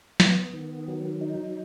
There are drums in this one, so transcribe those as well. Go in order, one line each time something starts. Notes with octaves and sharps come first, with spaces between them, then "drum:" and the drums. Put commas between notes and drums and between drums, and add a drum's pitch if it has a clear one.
B3, drum: snare
D#3
F#3
D#4